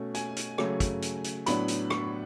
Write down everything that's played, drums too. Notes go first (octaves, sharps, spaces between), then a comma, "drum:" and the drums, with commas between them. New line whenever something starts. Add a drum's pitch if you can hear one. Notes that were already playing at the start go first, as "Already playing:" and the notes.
Already playing: B2 A3 C#4
G#5, drum: hi-hat
drum: hi-hat
C#3 F#3 A3, drum: rim click
drum: kick, hi-hat
drum: hi-hat
drum: hi-hat
A2 F#3 B3 D4 B5, drum: hi-hat
drum: hi-hat
C#6, drum: rim click